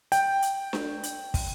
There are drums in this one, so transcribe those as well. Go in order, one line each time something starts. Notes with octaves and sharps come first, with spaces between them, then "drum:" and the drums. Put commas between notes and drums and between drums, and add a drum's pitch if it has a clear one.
G5, drum: hi-hat
drum: hi-hat
drum: snare D4
drum: hi-hat
drum: kick, open hi-hat